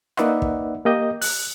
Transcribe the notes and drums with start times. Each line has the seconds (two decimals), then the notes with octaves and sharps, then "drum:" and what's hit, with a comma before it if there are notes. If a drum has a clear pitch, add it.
0.17 A#3 D#4 B4 D5 E5 F#5, drum: rim click
0.42 drum: kick
0.85 A#3 G4 D#5 G6
1.21 F#6, drum: open hi-hat